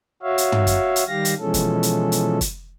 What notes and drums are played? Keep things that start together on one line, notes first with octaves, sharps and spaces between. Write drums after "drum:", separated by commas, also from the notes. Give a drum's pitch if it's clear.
F#4 C#5 E5 F5
drum: hi-hat
drum: tom
drum: kick, hi-hat
drum: hi-hat
D#3 G3 G4 F5 A#6
drum: hi-hat
B2 E3 F3 G#3 C#4 A4
drum: kick, hi-hat
drum: hi-hat
drum: hi-hat
drum: kick, hi-hat